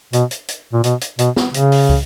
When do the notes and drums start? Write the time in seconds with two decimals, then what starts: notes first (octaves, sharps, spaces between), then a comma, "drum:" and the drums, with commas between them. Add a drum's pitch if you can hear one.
0.13 B2, drum: hi-hat
0.31 drum: hi-hat
0.48 drum: hi-hat
0.73 A#2
0.84 B2, drum: hi-hat
1.01 drum: hi-hat
1.19 B2, drum: hi-hat
1.36 drum: snare
1.54 C#3, drum: hi-hat
1.72 drum: open hi-hat
1.89 drum: kick